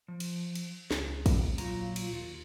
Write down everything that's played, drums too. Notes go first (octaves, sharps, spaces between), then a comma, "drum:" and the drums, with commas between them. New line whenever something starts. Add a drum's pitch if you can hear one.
F3
drum: cymbal
drum: cymbal
C#2 G#4, drum: snare
drum: kick, cymbal
A#2 F#3 F4 A#5, drum: cymbal
drum: cymbal
D#2 F4